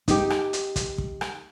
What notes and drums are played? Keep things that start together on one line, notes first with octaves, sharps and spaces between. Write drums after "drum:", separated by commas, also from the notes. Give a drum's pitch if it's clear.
D#4 G4, drum: kick, hi-hat
drum: rim click
drum: hi-hat
drum: kick, hi-hat
drum: kick
drum: rim click